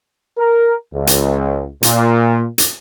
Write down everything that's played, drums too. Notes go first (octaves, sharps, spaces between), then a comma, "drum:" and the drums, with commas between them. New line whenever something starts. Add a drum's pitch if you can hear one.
A#4
C#2
drum: hi-hat
A#2, drum: hi-hat
drum: hi-hat